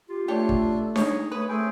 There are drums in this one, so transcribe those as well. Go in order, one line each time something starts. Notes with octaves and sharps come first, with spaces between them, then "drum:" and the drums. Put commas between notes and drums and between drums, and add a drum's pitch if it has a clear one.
F4 G4
A3 D4 G4 C#5
drum: kick
D#4 G#4 C#5, drum: snare D4
A3 B4 C#5 D#6
A3 C4 C#4 G#4 G5